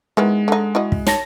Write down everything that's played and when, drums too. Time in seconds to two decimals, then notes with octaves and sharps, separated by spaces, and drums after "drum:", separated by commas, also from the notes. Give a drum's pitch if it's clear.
0.17 D#3 E3 G#3 B3
0.48 D3 D#4
0.75 E4 F#4 D#5
0.92 drum: kick
1.07 C#5 A5 A#6, drum: snare